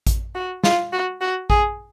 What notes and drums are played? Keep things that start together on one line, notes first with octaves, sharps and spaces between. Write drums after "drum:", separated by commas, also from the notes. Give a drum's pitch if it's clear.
drum: kick A1, hi-hat
F#4
F4, drum: snare
F#4
F#4
G#4, drum: kick A1